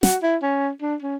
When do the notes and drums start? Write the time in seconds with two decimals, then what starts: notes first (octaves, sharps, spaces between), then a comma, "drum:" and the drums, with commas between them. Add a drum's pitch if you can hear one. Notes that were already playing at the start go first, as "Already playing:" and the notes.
0.03 F#4, drum: snare
0.23 E4
0.42 C#4
0.81 D4
1.02 C#4